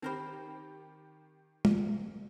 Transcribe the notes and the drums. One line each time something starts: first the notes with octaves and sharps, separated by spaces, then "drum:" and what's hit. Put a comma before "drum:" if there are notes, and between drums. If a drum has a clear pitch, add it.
D#3 C4 D#4 G4 A#4 C5 B5
drum: tom